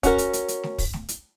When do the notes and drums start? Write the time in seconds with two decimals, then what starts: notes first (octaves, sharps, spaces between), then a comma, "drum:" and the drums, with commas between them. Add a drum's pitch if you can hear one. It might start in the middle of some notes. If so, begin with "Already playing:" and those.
0.03 C#4 F#4 A#4, drum: kick, hi-hat
0.18 drum: hi-hat
0.33 drum: hi-hat
0.48 drum: hi-hat
0.63 drum: snare A3
0.78 drum: kick, open hi-hat
0.93 drum: snare A3
1.09 drum: hi-hat